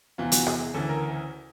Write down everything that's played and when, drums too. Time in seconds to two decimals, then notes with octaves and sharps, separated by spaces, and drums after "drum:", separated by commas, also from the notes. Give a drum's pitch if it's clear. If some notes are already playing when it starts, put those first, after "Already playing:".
0.18 E2 C3 E3 F4
0.32 F#4, drum: hi-hat
0.47 G#4, drum: rim click
0.74 D2 C#3 E3 A4
0.89 A#4